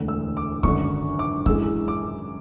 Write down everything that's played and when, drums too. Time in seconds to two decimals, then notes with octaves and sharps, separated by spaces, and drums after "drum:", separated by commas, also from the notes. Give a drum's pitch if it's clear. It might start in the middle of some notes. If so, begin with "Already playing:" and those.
Already playing: E1 D2 D3 A3
0.08 E6
0.37 D6
0.63 G#1 F#2 D3 C#6, drum: kick
1.19 D6
1.46 F#2 E3 G#3 E6, drum: kick
1.88 D6